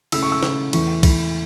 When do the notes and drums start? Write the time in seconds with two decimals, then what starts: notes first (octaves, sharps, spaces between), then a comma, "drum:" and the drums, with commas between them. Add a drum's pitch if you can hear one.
0.12 C#3 A3 E4 E6, drum: cymbal
0.23 C#6
0.32 E6
0.43 C#3 A3 E4, drum: snare
0.73 E2 E3 A3 E4 C#6, drum: cymbal
1.03 E2 E3 A3 E4, drum: kick, cymbal